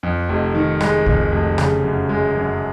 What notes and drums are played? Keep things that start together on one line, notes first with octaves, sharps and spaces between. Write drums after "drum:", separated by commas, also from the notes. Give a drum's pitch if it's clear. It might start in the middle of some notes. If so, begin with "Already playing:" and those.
F2
F1
D#3
G#3, drum: rim click
F2, drum: kick C2
F1
C#3, drum: rim click
F#2
G#3
F#2